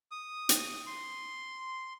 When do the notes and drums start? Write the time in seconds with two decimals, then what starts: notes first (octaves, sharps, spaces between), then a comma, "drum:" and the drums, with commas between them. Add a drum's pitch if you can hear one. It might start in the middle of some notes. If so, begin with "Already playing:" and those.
0.11 D#6
0.49 drum: hi-hat
0.86 C6